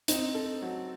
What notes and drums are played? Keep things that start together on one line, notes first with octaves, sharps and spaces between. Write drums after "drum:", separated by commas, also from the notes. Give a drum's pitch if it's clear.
C4 D#4, drum: hi-hat
A4
F#3